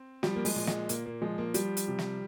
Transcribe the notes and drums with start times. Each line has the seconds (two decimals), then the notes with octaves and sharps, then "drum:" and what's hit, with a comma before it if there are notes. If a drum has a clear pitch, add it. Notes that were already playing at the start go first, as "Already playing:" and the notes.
Already playing: C4
0.23 F3 G3, drum: snare
0.36 A#3
0.45 G#3, drum: open hi-hat
0.56 A#2
0.67 G#3, drum: snare
0.89 A#2 A#3, drum: hi-hat
1.06 A#3
1.22 F3 G#3
1.38 A#3
1.54 F3 G3, drum: hi-hat
1.77 drum: hi-hat
1.88 C3
1.99 drum: snare